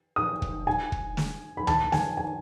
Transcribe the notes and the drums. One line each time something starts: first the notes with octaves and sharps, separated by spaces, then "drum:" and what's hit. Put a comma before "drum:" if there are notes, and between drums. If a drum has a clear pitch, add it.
D#6
drum: kick
G#5
drum: kick
drum: snare
B5
A5, drum: tom
G#5, drum: snare
G#5